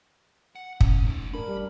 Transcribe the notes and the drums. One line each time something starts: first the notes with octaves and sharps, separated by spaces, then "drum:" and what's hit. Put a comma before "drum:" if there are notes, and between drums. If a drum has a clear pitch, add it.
F#5
C#4, drum: kick
A3 D#4
D4 A#4 B5
G3